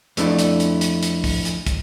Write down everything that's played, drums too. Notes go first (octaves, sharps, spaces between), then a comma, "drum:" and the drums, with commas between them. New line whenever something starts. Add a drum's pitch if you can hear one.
F2 A3 D4 E4, drum: hi-hat
drum: hi-hat
drum: hi-hat
drum: hi-hat
drum: hi-hat
drum: kick, open hi-hat
drum: hi-hat
drum: kick, hi-hat